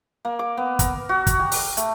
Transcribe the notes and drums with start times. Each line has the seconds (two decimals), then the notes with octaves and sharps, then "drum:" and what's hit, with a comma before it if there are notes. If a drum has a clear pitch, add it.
0.25 A#3
0.39 D6
0.57 B3
0.79 A#4, drum: kick, hi-hat
1.09 F#4
1.27 drum: kick, hi-hat
1.39 G4
1.52 drum: open hi-hat
1.77 A3, drum: hi-hat